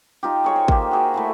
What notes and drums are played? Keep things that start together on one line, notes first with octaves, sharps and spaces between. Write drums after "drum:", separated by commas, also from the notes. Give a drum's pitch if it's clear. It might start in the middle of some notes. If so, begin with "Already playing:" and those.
D#4 F4 G4
G#4 C#5 G5
C5
A#3 G4, drum: kick G#1
F#4 G#4 E5
A3 E4 G#4